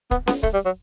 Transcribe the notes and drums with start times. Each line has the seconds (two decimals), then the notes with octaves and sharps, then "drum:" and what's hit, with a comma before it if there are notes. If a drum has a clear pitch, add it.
0.11 B3, drum: kick
0.27 B3, drum: snare C#4
0.43 A3, drum: kick
0.54 G3
0.65 F#3